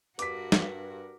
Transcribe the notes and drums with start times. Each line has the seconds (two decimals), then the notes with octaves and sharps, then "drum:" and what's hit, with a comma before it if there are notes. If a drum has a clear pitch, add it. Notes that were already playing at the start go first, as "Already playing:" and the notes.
0.19 G2 F#4 A#4 D6 B6, drum: hi-hat
0.52 drum: snare